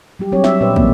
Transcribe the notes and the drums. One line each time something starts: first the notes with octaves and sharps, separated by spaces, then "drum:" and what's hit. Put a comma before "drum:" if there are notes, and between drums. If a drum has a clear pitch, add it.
F#3 G3 G4
F#3 G3 C4 D4 G4 C#5
E5, drum: snare
A#2 C#4 G4 B4 C5 D5
B2 E3 A#3 C4, drum: kick